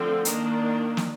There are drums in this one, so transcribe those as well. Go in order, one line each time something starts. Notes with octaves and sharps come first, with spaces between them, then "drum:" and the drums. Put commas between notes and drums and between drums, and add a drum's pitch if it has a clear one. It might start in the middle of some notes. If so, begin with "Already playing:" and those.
Already playing: D3 F3 A3 C4
D#3 A#3 D4 A#4 A#5, drum: hi-hat
drum: snare